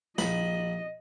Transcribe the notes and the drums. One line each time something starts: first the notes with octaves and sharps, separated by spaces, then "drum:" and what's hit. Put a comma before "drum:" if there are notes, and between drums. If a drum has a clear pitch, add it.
A#1 D#5 B5, drum: snare